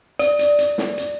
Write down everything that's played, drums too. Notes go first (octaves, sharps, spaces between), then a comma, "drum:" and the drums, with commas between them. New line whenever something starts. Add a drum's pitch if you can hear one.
D5, drum: hi-hat
drum: hi-hat
drum: hi-hat
drum: snare
drum: hi-hat